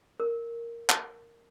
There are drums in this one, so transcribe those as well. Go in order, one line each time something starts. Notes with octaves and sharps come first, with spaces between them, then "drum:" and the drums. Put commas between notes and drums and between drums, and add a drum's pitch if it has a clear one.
A#4
drum: clap